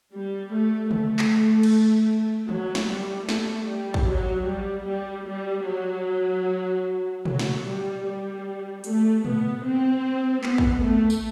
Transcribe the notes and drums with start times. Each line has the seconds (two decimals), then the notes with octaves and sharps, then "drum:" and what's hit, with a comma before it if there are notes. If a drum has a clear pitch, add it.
0.12 G3
0.51 A3
0.91 A3, drum: tom
1.19 drum: clap
1.63 drum: cymbal
2.49 F#3, drum: tom
2.75 drum: snare
2.89 G3
3.29 A3, drum: snare
3.68 G3
3.94 drum: kick
4.08 F#3
4.48 G3
4.88 G3
5.27 G3
5.67 F#3
7.25 F#3, drum: tom
7.39 drum: snare
7.66 G3
8.05 G3
8.84 A3, drum: hi-hat
9.25 B3, drum: tom
9.64 C4
10.44 B3, drum: clap
10.58 drum: kick
10.83 A3
11.10 drum: tambourine